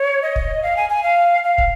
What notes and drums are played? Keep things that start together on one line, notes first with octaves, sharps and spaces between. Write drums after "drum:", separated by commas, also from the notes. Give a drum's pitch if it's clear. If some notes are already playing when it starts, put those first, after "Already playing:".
Already playing: C#5
D#5
drum: kick
F5
G#5
G#5
F5
F5
drum: kick